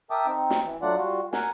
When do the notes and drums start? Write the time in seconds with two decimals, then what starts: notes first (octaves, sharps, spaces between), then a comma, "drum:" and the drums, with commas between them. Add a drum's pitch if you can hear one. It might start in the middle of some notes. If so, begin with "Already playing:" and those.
0.11 A#4 E5 G5 A5 D6 D#6
0.26 C4 D#4
0.50 drum: snare
0.63 E3
0.82 F#3 A3 D4 F4 D5 F#5
0.97 G3 F4 F#4
1.33 A#4 F#5 G#5, drum: snare